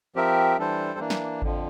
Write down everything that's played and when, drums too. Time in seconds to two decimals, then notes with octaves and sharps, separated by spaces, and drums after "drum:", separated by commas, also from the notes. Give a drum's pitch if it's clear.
0.15 F3 C4 G4 A#4 E5
0.58 E3 G3 D4 A4 C5
0.99 E3 A#3 D4
1.10 drum: snare
1.42 F2 D3 F3, drum: kick G#1